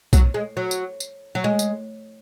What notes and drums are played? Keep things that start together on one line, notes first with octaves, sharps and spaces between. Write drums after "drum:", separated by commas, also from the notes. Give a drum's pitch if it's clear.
F#3, drum: kick B1, tambourine
G#3
F#3
drum: tambourine
drum: tambourine
F#3
G#3
drum: tambourine